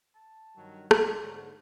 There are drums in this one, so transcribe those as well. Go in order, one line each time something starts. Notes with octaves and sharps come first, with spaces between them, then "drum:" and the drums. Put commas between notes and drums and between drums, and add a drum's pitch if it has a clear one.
A5
G2 D#3 F#3
G2 D5, drum: rim click
G#2 D3 C#5